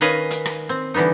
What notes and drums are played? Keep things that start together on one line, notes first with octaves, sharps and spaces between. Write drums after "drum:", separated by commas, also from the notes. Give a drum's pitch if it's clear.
D#3 C#4 B4 D#5 F5 G#5
drum: hi-hat
drum: rim click
C4
D3 E3 G3 B3 D#4